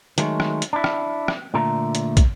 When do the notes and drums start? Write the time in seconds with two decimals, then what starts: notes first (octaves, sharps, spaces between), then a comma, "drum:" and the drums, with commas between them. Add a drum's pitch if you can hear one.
0.18 D#3 F#3 G#3 A3, drum: hi-hat
0.40 drum: rim click
0.62 drum: hi-hat
0.73 D4 E4
0.84 drum: rim click
1.28 drum: rim click
1.54 A#2 D3 A3 A#5
1.95 drum: hi-hat
2.17 drum: kick, hi-hat